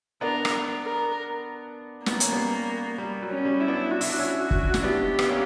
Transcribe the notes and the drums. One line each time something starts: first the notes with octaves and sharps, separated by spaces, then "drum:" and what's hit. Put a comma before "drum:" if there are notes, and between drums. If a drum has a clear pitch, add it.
B3 D4 A#4
drum: rim click
A#4
A#3 B3, drum: snare
C#4, drum: hi-hat
G3 B3
G3
F#3
C#4
G3
E4
B3 D4
F#4
E4, drum: open hi-hat
D4
C#4 E4
F#4
drum: kick
E4, drum: snare
B3 D4 G4
B3, drum: rim click
A#3 C#4